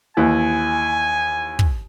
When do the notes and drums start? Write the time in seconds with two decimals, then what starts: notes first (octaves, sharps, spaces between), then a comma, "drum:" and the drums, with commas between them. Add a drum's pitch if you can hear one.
0.17 D#2 E3 G#5
1.59 drum: kick